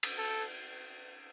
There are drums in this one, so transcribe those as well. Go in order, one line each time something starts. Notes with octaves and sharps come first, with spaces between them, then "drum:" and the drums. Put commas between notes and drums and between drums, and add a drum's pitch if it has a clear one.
drum: cymbal
A4